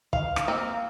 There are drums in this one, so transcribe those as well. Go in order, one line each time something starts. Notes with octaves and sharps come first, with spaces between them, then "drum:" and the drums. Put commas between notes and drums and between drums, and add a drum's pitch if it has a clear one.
F5, drum: kick
drum: rim click
A#3 C4